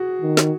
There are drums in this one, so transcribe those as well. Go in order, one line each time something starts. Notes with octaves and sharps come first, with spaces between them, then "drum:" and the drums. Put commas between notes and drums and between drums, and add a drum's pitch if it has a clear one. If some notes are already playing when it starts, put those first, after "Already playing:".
Already playing: F#4 G#4
D#3
drum: snare